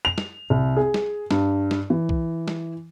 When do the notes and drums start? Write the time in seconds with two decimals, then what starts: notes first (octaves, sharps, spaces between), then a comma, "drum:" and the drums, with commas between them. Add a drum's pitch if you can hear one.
0.05 F7
0.18 drum: snare
0.50 C2
0.77 G#4
0.94 drum: snare
1.31 G2, drum: snare
1.71 drum: snare
1.90 E3
2.09 drum: kick B1
2.48 drum: snare